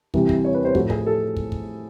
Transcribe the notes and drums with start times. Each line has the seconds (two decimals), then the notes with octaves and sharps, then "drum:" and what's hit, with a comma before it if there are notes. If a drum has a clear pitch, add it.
0.14 C3 E3 G3, drum: kick
0.29 drum: kick
0.44 C#5
0.54 B4
0.65 C5
0.75 A2 F3 F#4, drum: kick
0.90 G#4, drum: kick
1.06 A4
1.37 drum: kick
1.52 drum: kick